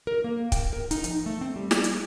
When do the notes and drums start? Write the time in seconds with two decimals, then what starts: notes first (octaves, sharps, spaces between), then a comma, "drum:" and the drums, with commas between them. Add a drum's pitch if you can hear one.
0.07 A#4
0.24 A#3
0.52 G5, drum: kick, hi-hat
0.73 A#4
0.91 D#4, drum: hi-hat
1.04 F3, drum: hi-hat
1.26 A3
1.41 C4
1.56 G3
1.71 drum: snare
1.84 drum: hi-hat